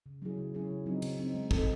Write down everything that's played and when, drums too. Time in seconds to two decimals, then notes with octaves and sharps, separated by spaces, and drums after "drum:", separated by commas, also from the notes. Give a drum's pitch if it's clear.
0.06 C#3
0.22 F#3 C#4 E4 G#4
0.38 C#3
0.54 F#3 C#4 E4 G#4
0.70 C#3
0.86 F#3 C4 D#4
1.02 C#3, drum: cymbal
1.18 F#3 C4 D#4
1.35 G#3
1.51 C4 D#4 A4, drum: kick